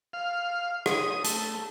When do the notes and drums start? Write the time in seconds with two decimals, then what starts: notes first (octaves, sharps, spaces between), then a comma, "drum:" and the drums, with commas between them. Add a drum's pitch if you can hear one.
0.13 F5
0.86 D#6, drum: rim click
1.24 A3, drum: hi-hat